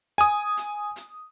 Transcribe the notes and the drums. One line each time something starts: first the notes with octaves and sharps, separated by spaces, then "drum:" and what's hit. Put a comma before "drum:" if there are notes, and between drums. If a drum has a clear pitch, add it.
G#5 D#6, drum: hi-hat
drum: hi-hat
drum: hi-hat